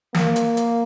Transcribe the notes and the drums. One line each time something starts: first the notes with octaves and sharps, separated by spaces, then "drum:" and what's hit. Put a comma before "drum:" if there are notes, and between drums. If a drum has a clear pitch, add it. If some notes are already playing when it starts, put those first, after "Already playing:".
A#3, drum: snare
drum: hi-hat
drum: hi-hat